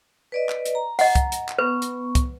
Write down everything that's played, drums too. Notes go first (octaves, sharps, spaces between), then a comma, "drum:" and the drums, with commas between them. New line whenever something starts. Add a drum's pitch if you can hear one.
B4 D5 D#5
drum: clap
drum: hi-hat
A#5
D#5 F#5, drum: open hi-hat
drum: kick C2, hi-hat
drum: hi-hat
drum: clap
B3 B4 C#6
drum: hi-hat
drum: kick C2, hi-hat